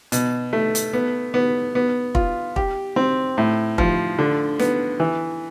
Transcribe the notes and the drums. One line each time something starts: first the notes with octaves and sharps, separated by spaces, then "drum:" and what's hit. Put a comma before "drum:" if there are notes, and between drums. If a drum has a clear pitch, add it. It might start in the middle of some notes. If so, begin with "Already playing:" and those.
B2, drum: hi-hat
A3
drum: hi-hat
B3
B3
B3
F4, drum: kick
G4, drum: kick
C4
A2
F3, drum: kick
D3
B3, drum: snare
E3